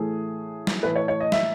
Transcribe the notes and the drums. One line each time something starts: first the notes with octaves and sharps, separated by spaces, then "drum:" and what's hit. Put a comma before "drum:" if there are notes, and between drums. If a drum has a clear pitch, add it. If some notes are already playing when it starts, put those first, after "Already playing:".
Already playing: A2 E3 A3 G#4
drum: snare
A2 E3 A3 B4
C#5
C#5
D#5
E5, drum: snare